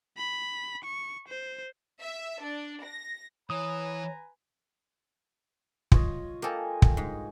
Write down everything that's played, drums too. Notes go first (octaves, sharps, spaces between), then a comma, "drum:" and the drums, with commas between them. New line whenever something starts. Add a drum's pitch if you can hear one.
B5
C#6
C5
E5
D4
A#6
E3 B4 C#5 G#5 A#5 D#6
F4 C#5 D#5, drum: kick
A#3 A4 D#5 G5 G#5
drum: kick
G#2